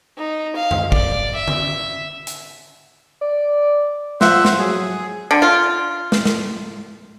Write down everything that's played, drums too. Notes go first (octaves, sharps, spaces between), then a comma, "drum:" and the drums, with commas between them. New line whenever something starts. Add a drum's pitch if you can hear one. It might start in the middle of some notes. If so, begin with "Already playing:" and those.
D#4
F5
drum: tom F#2
D5, drum: kick
E5
drum: tom D3
drum: hi-hat
D5
F3 C5 E5 F#5, drum: snare
drum: snare
F#3 G#4
D3
F4
drum: snare
drum: snare